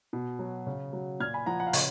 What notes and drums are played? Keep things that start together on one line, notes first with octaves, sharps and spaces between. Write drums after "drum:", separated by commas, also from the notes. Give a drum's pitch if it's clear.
B2
F#3
C#3
F#3
A#2 F6 G#6
G#5 B5
F3 F#5 A#5
F#5 A#5
F5
C#3 D#5 F#5, drum: open hi-hat